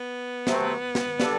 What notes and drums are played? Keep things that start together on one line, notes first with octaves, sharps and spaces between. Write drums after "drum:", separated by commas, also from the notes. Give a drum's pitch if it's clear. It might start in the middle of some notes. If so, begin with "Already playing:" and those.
Already playing: B3
C3 F#3 A3 C4, drum: snare
drum: snare
G3 D4 A4, drum: snare